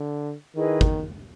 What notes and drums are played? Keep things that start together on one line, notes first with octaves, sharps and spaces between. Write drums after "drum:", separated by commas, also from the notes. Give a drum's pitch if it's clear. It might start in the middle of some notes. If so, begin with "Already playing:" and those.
Already playing: D3
D#3 E4 G#4 B4 D#5
drum: kick